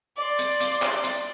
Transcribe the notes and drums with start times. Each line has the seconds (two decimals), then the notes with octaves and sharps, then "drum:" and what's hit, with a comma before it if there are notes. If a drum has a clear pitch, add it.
0.17 D5 C6
0.39 drum: hi-hat
0.60 drum: hi-hat
0.82 drum: clap
1.04 drum: hi-hat